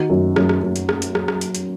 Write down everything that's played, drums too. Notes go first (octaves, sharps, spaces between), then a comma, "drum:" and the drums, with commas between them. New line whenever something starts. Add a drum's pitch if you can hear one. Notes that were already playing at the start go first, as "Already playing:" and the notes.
Already playing: D#3 D#4 F#4
F#2
F#2, drum: rim click
drum: rim click
F#2
drum: hi-hat
drum: rim click
drum: hi-hat
drum: rim click
drum: rim click
drum: hi-hat
drum: hi-hat